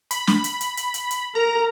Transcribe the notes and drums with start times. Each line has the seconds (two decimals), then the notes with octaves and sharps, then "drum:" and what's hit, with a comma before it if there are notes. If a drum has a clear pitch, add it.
0.11 B5, drum: hi-hat
0.27 drum: snare
0.44 drum: hi-hat
0.61 drum: hi-hat
0.77 drum: hi-hat
0.94 drum: hi-hat
1.11 drum: hi-hat
1.35 A#4 A#5